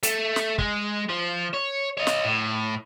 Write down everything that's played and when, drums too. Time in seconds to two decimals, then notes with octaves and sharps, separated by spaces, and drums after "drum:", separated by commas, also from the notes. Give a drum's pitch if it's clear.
0.03 A3, drum: hi-hat
0.36 drum: snare
0.58 G#3, drum: kick
1.09 F3
1.53 C#5
1.97 C#5 D#5
2.07 drum: snare
2.25 A2